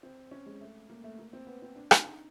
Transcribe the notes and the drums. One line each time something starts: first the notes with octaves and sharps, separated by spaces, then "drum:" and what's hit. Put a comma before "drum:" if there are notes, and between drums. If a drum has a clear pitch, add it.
C4
C#4
G#3
A3
A#3
A3
A#3
C4
B3
C4
D4
D#4, drum: rim click
D#4